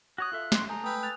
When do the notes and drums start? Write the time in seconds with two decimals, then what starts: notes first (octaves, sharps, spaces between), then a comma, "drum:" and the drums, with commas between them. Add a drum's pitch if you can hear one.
0.18 F#4 C#5 D#6 F#6
0.32 F4 A4 E5
0.52 C#4 C6, drum: snare
0.69 A3 G#5 A#5 D#6 G6
0.84 B4 G5 D#6 E6
1.03 F#6 A6 F7